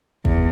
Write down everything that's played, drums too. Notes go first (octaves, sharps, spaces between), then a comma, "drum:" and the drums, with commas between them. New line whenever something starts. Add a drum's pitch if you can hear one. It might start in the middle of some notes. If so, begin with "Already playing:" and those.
E2, drum: kick